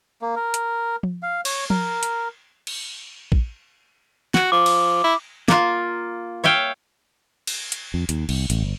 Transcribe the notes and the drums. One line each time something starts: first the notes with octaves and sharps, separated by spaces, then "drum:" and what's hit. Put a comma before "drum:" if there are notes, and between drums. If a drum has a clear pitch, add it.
A#3
A#4
drum: hi-hat
drum: tom F3
F5
C#5, drum: cymbal
A#4, drum: tom F3
drum: hi-hat
drum: cymbal
drum: kick A#1
F#4, drum: snare
F3 D6
drum: cymbal
E4
A#3 F4, drum: snare
C#5 E5 F5 G5
drum: cymbal
drum: hi-hat
F2
D#2, drum: hi-hat
C2, drum: cymbal
A1, drum: hi-hat
G1